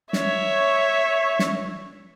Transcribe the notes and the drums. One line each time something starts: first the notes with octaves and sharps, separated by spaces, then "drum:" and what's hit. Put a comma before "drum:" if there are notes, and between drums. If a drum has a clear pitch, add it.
C#5 E5, drum: snare
drum: snare